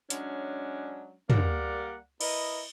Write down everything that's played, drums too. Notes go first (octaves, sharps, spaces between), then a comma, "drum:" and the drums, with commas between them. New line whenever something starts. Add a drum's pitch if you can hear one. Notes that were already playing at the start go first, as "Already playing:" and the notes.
F#3 G#3 C#4 D4, drum: hi-hat
G3 A#3 A#4 D5 F#5, drum: tom
E4 A#4 B4 D#5, drum: cymbal